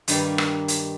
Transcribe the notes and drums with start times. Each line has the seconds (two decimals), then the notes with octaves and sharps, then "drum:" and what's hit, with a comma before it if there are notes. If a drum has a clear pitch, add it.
0.08 G2 D#3 G3 A#3, drum: hi-hat
0.38 drum: rim click
0.68 drum: hi-hat